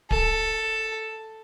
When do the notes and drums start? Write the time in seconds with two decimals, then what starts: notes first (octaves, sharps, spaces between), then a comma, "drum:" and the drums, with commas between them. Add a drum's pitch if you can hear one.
0.11 A4, drum: kick D1